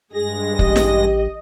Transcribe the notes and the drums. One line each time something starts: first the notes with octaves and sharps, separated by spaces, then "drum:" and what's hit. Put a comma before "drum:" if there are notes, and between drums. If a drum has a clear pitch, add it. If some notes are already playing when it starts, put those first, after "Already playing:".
G2 G#3 G#4 A#6
A1 G4 D#5, drum: kick
drum: snare